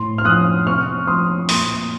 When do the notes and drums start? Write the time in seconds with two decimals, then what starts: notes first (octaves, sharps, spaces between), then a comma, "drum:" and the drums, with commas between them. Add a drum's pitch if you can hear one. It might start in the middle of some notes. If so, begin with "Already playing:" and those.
Already playing: A2 C6
0.18 F6
0.25 F3 D#6 F#6
0.67 C3 C#6 F6
1.07 F3 C6 D#6
1.49 A#2 C6 D#6, drum: open hi-hat